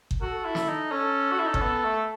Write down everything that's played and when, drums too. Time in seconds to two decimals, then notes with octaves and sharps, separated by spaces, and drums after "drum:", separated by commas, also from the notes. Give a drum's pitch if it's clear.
0.11 drum: kick G1
0.21 F#4 A4
0.45 E4
0.55 drum: snare
0.68 D#4
0.92 C#4 A4
1.32 F#4
1.39 E4
1.46 D#4
1.54 C#4, drum: kick G1
1.61 B3
1.85 A3